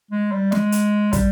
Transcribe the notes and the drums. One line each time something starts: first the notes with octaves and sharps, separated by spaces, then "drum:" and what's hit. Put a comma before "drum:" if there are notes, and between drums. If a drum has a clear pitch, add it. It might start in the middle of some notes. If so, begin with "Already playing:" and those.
G#3
G3
G#3, drum: snare
drum: hi-hat
G3, drum: kick, hi-hat